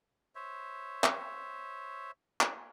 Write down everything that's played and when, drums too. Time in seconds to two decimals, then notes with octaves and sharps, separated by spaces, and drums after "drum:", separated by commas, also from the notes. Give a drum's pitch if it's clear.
0.35 C5 C#5 E5
1.04 drum: clap
2.41 drum: clap